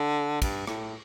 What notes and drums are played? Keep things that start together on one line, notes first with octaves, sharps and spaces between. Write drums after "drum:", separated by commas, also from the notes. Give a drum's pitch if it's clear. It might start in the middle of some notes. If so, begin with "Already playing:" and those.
Already playing: D3
G2, drum: kick, cymbal
A2, drum: rim click